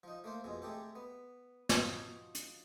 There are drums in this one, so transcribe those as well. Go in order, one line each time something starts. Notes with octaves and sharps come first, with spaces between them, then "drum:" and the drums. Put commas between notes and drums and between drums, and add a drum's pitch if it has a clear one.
F3 D#4
A3 A#3 C5
F2 B2 G#3
G#3 A3 G4 A4
B3
F3 D#4 F#4, drum: snare
drum: hi-hat